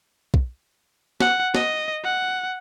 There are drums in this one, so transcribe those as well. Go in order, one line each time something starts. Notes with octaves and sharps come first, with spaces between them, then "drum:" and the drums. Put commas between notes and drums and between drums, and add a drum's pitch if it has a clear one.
drum: kick
F#5, drum: snare
D#5, drum: snare
F#5